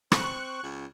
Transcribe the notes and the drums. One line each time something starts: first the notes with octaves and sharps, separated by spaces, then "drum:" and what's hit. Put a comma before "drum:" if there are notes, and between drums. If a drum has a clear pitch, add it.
C4 C#6 F#6, drum: rim click
C#2